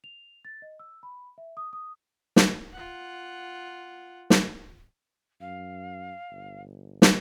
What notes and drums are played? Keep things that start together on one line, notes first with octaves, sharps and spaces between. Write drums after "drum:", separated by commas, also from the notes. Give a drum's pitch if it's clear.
F7
A6
D#5
E6
B5
E5
D#6
D#6
drum: snare
F4 F#5
drum: snare
F#2 F5
G1
drum: snare